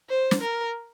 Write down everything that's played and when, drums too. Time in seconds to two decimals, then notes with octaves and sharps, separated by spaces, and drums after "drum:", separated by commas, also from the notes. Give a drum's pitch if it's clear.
0.09 C5
0.31 drum: snare
0.42 A#4